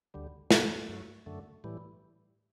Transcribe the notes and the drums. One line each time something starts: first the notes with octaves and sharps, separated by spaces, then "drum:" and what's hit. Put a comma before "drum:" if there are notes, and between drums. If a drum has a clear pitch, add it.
D2 D3 G3
A2 E3 G3, drum: snare
G2 F#3 A3
F#2 D3 A3
A2 E3 G3